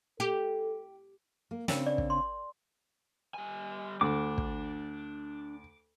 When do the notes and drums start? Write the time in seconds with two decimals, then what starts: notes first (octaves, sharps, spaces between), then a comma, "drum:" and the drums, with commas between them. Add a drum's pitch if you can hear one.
0.20 G4 A4
1.51 A#3
1.68 C#3 C4 D4 A#4 G5, drum: snare
1.86 D5
1.98 drum: kick
2.10 C6
3.34 G3 G#5
4.01 D2 D4 D6
4.38 drum: kick